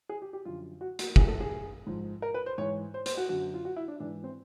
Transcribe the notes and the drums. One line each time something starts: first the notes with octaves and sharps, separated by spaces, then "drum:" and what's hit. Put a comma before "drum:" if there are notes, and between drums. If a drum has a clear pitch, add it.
G#4
G4
G4
F#2 D3 F3 F4
F#4
F#4, drum: hi-hat
A2 F3 G#4, drum: kick
A4
G#4
G#2 F3
A#4
B4
C5
G#2 E3 C#5
C5
C5, drum: hi-hat
F#4
F#2 D3 F#3 F#4
F4
F#4
E4
D4
G#2 E3 D4
C4